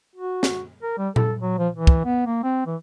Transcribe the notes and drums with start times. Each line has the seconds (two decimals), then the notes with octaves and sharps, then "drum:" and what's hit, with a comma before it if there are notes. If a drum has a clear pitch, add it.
0.16 F#4
0.43 drum: snare
0.83 A#4
0.98 G3
1.16 A4, drum: tom A#2
1.41 F#3
1.59 F3
1.75 E3
1.87 drum: kick
2.05 B3
2.26 A#3
2.44 C4
2.66 E3